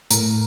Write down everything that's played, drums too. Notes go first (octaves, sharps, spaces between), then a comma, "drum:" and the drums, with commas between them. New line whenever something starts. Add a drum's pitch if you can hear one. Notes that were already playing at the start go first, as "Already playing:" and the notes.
A2 A#4, drum: tambourine